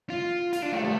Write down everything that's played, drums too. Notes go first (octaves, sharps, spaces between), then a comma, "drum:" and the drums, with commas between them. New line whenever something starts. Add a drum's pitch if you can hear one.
F4
F4, drum: hi-hat
D4
A3, drum: cymbal
A3